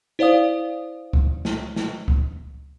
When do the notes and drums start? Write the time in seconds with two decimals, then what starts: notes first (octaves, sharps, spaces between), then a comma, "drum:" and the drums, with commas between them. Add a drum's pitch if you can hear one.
0.19 E4 C5 D5 F5 D#6
1.13 drum: kick C#2
1.45 drum: snare
1.76 drum: snare
2.08 drum: kick C#2